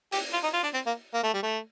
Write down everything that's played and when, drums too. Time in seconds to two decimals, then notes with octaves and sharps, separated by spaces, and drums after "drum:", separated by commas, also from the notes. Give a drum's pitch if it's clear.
0.12 G4, drum: open hi-hat
0.33 F4
0.43 D#4
0.53 F4
0.63 D4
0.74 C4
0.87 A#3
1.14 A#3
1.23 A3
1.34 G3
1.43 A3